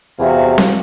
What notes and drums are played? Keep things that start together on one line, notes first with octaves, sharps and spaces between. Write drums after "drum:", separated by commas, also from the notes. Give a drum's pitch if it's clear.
E2 C3 F#4 F5
drum: snare C4